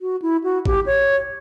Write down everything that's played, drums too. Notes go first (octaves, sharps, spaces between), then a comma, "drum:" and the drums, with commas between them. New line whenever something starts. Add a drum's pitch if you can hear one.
F#4
E4
F#4
G4, drum: kick G#1
C#5